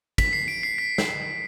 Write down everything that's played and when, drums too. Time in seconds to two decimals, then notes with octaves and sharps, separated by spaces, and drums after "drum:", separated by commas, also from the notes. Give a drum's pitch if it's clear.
0.18 B6, drum: kick, cymbal
0.33 C7
0.48 D7
0.63 C7
0.78 B6
0.98 drum: snare